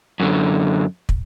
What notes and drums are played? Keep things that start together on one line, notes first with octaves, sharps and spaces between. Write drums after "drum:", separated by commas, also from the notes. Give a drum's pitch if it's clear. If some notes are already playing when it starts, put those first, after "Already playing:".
F#2 D3
drum: kick